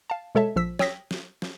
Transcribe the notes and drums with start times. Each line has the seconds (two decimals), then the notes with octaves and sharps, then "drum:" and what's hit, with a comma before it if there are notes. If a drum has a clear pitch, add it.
0.10 F5 A5
0.35 B2 G#3 A4 C#5 E5 A5
0.56 A#1 F3 E6 B6
0.79 C#5 G5 D#6 E6 A#6 B6, drum: snare
1.11 drum: snare
1.42 drum: snare